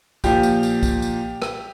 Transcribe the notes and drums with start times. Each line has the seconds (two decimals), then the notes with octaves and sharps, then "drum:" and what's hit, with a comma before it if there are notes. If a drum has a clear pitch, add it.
0.24 A#2 F3 G4, drum: kick B1, tambourine
0.43 drum: tambourine
0.63 drum: tambourine
0.83 drum: kick B1, tambourine
1.02 drum: tambourine
1.42 drum: rim click